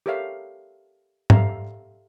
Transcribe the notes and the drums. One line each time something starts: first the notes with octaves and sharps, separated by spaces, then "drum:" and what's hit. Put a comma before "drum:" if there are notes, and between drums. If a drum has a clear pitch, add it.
G4 A4 A#4 C#5 E5 F5
G4 A4 E5 F5 A#5, drum: tom G#2